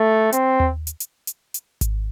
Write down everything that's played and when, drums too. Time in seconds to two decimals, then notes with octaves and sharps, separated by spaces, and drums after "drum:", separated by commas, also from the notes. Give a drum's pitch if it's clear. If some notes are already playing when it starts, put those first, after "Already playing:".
Already playing: A3
0.32 C4, drum: hi-hat
0.60 drum: tom D#2
0.87 drum: hi-hat
1.00 drum: hi-hat
1.27 drum: hi-hat
1.54 drum: hi-hat
1.81 drum: kick G#1, hi-hat